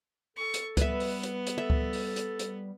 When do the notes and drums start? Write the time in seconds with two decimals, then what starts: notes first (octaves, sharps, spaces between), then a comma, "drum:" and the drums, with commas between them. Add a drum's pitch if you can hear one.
0.37 A4 C#6
0.54 drum: hi-hat
0.77 G3 B3 B4 E5, drum: kick C#2, hi-hat
1.00 drum: open hi-hat
1.23 drum: hi-hat
1.47 drum: hi-hat
1.58 A4 E5
1.70 drum: kick C#2
1.93 drum: open hi-hat
2.16 drum: hi-hat
2.39 drum: hi-hat